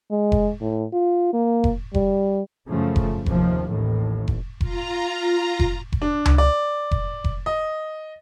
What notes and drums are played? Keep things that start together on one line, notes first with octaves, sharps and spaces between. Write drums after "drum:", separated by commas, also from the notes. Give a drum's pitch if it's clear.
G#3
drum: kick F1
A2
F4
A#3
drum: kick F1
G3, drum: kick F1
F#2 C#3 F3 A3
drum: kick F1
D#2 C3 F3, drum: kick F1
A1 D#2 A2
drum: kick F1
F4 A#5, drum: kick F1
drum: kick F1
drum: kick F1
D4
drum: tom C#2
D5
drum: kick F1
drum: kick F1
D#5